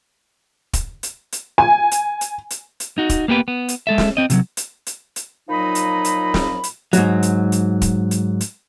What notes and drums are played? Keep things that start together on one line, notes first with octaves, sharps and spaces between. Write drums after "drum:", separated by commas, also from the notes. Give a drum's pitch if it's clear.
drum: kick, hi-hat
drum: hi-hat
drum: hi-hat
G#5
drum: hi-hat
drum: hi-hat
drum: hi-hat
drum: hi-hat
D#4 F#4
drum: kick, hi-hat
A#3 B3 G4 B4
B3
drum: hi-hat
G#3 A4 E5
drum: snare
C4 D#5
C3 F3 F#3, drum: hi-hat
drum: hi-hat
drum: hi-hat
drum: hi-hat
A#2 F3 F#3 D#4 D#5 B5
drum: hi-hat
drum: hi-hat
drum: snare
drum: hi-hat
G#2 F#3, drum: hi-hat
drum: hi-hat
drum: hi-hat
drum: kick, hi-hat
drum: hi-hat
drum: hi-hat